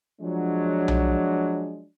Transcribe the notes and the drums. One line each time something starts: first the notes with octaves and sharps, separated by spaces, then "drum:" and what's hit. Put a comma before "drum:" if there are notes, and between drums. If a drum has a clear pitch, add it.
F3 F#3 G#3 D4
drum: tom B1